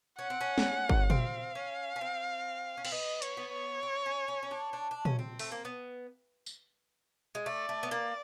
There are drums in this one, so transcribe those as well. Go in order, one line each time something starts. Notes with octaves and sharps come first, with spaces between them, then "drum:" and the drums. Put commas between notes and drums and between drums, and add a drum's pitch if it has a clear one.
C#4 F#5
C4
C#4
drum: snare
drum: kick G1
C4 F5, drum: tom A#2
C#4
C#4
C4
C#4
C4, drum: cymbal
B3 D#5
C#5, drum: hi-hat
B3
C#5
C4
C#4
C#4
C#4
D4
D4
D4
C#4, drum: tom A#2
C4
A3, drum: open hi-hat
A#3
B3
drum: tambourine
G#3
A3 D5
A3
B3
A#3 D5